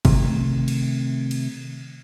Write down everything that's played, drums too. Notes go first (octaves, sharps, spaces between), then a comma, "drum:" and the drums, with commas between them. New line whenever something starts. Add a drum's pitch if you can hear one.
C3 D#3 A3, drum: kick G1, cymbal
drum: cymbal
drum: cymbal